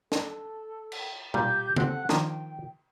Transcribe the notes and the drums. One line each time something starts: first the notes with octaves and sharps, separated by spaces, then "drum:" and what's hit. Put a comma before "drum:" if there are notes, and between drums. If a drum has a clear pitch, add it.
A4, drum: snare
drum: cymbal
A#2 G3 G4 G6, drum: tom B2
C4 G4 A4 F#5 F#6, drum: tom
D#3 F3 A#3 G5, drum: snare